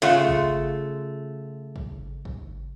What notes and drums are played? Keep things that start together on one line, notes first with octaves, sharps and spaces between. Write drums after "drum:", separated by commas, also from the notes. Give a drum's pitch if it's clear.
C#3 A3 F4 F#5
drum: kick
drum: kick
drum: kick